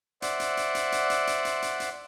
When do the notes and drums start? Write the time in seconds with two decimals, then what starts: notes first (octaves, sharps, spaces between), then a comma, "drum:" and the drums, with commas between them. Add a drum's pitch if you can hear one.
0.22 C5 D5 E5 F#5, drum: hi-hat
0.40 drum: hi-hat
0.57 drum: hi-hat
0.75 drum: hi-hat
0.92 drum: hi-hat
1.10 drum: hi-hat
1.27 drum: hi-hat
1.45 drum: hi-hat
1.62 drum: hi-hat
1.80 drum: hi-hat